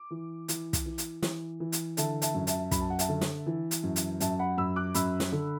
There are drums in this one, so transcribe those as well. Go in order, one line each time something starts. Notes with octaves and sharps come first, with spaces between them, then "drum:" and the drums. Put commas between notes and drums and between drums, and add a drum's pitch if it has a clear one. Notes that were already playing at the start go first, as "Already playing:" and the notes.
Already playing: D6
E3
E3, drum: hi-hat
drum: kick, hi-hat
E3
drum: hi-hat
E3, drum: snare
E3
drum: hi-hat
D3 E5 A5, drum: hi-hat
E5 A5, drum: hi-hat
F#2
E5 A5, drum: hi-hat
F#2 B5, drum: kick, hi-hat
A5
F#5
E5 A5, drum: hi-hat
D3
drum: snare
E3
drum: hi-hat
F#2
drum: hi-hat
F#2 E5 A5, drum: hi-hat
F#5 B5
F#2 B5 E6
D6 F#6
F#2 B5 E6, drum: hi-hat
drum: snare
D3